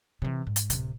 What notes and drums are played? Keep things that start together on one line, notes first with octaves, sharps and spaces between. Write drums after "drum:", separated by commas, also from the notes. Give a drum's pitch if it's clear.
C3 E3
G#2
drum: hi-hat
D1 C3, drum: hi-hat